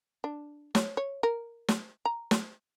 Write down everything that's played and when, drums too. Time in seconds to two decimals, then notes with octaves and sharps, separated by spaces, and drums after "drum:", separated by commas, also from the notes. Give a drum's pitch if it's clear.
0.24 D4
0.75 C#5, drum: snare
0.97 C#5
1.23 A#4
1.68 drum: snare
2.05 A#5
2.31 drum: snare